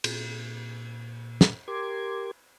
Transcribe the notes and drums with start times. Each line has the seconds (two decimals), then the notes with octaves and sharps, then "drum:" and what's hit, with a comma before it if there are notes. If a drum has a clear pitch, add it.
0.04 A#2, drum: cymbal
1.41 drum: snare
1.68 G4 A#4 C6 D6 G#6